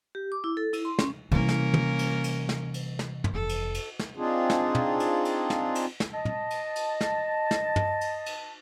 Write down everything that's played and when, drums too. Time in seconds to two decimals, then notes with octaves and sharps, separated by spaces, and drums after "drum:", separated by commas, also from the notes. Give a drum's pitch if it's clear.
0.15 G4
0.32 D6
0.44 E4
0.57 A4
0.73 E4, drum: cymbal
0.85 C6
0.99 C#4, drum: snare
1.32 C3 E3 G3 A#3 C#4 E4 A#4
1.49 drum: snare
1.74 drum: tom
1.99 drum: cymbal
2.24 drum: cymbal
2.49 drum: snare
2.74 drum: cymbal
2.99 drum: snare
3.24 drum: tom
3.33 F1 A4
3.49 drum: cymbal
3.74 drum: cymbal
3.99 drum: snare
4.17 C4 D4 D#4 F4 G#4
4.50 drum: snare
4.75 drum: tom
5.00 drum: cymbal
5.25 drum: cymbal
5.50 drum: snare
5.75 drum: cymbal
6.00 drum: snare
6.13 D#5 A5
6.25 drum: tom
6.50 drum: cymbal
6.76 drum: cymbal
7.01 drum: snare
7.51 drum: snare
7.76 drum: tom
8.01 drum: cymbal
8.26 drum: cymbal